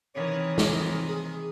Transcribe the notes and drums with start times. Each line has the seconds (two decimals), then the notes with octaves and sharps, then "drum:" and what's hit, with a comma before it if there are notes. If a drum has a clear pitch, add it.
0.15 C3 D#3 E3 C#5
0.58 drum: snare
1.07 G#4